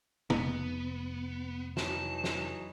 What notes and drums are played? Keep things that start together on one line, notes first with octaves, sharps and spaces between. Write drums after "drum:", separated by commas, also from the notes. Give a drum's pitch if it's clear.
F1 B3, drum: tom
E3 F#3 D#4 A5, drum: snare
drum: snare